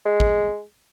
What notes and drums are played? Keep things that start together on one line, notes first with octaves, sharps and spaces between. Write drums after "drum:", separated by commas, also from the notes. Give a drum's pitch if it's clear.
G#3
drum: kick